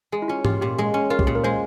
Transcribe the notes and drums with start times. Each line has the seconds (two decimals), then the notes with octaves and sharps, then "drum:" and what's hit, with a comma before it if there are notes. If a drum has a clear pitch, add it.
0.12 G#3 G#4
0.22 E4
0.28 C#4 F4
0.45 F4 G4, drum: tom G#2
0.61 A#2 G4
0.78 G#3 G#4
0.94 C#4
1.10 F4 A#4
1.19 G4, drum: kick C2
1.27 A#2 G#4
1.35 A#4
1.44 G#3 C5